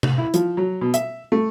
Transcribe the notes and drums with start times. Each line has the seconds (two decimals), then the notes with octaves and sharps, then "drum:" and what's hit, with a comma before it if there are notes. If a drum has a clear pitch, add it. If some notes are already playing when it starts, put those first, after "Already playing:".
0.03 drum: tom C3
0.18 E4
0.34 F3, drum: hi-hat
0.57 F#3
0.81 B2
0.94 E5, drum: hi-hat
1.32 A3